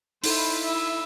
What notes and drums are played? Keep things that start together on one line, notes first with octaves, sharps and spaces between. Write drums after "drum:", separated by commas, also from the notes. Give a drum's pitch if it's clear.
D#4 E4 A4 C5, drum: open hi-hat
E5